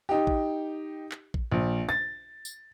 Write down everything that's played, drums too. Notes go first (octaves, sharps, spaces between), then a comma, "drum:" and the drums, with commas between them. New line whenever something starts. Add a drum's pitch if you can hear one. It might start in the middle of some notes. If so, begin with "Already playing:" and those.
D#4 G4
drum: kick A#1
drum: clap
drum: kick A#1
A#1
A6
drum: tambourine